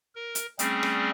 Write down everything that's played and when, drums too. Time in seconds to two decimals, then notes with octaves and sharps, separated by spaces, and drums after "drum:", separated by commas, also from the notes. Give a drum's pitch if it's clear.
0.15 A#4
0.35 drum: hi-hat
0.59 G3 A3 C4 C#4 G#4, drum: hi-hat
0.83 drum: rim click